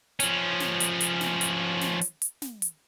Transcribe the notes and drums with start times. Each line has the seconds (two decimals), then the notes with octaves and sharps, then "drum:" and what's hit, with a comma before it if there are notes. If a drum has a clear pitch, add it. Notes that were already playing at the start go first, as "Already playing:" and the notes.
0.20 F3 C#4, drum: hi-hat
0.60 drum: snare
0.80 drum: hi-hat
1.01 drum: hi-hat
1.21 drum: snare
1.41 drum: hi-hat
1.81 drum: snare
2.01 drum: hi-hat
2.22 drum: hi-hat
2.42 drum: snare
2.62 drum: hi-hat